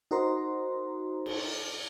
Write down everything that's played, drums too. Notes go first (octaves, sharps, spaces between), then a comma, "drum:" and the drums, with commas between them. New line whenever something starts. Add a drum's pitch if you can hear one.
D#4 F#4 A#4 C5 A#5 C6
drum: cymbal